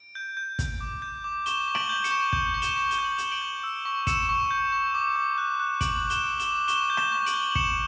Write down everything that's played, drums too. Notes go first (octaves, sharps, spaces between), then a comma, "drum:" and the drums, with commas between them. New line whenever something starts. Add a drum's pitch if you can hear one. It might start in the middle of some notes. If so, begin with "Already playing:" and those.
Already playing: D7
G6
G6
G6, drum: kick, hi-hat
D6
G6
D6
C#6 E7 G7, drum: hi-hat
C#6
D7 F#7, drum: rim click
G6
C#7 E7, drum: hi-hat
C#6
G6, drum: kick
C#6
E7 G7, drum: hi-hat
C#6
G7, drum: hi-hat
G6
F#7
C#6 E7, drum: hi-hat
D7 F#7
G6
E6
C#6
E6 C#7 E7, drum: kick, hi-hat
C#6
G6
C#6
D6
D6
F#6
F#6
D6 D7 F#7, drum: kick, hi-hat
D6
E7 G7, drum: hi-hat
D6
E7 G7, drum: hi-hat
D6
C#6 E7 G7, drum: hi-hat
G6
E7 G7, drum: rim click
C#6
D7 F#7, drum: hi-hat
G6
F#7
C#6 C#7 E7, drum: kick